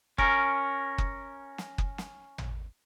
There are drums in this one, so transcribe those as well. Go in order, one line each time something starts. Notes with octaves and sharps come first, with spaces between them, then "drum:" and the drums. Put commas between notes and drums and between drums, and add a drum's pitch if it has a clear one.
C#4 A#4, drum: kick F#1
drum: kick F#1
drum: snare
drum: kick F#1
drum: snare
drum: tom